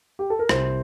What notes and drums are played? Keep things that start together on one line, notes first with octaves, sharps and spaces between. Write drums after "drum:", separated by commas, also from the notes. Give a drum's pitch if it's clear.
G4
A4
A#4
C2 C5, drum: rim click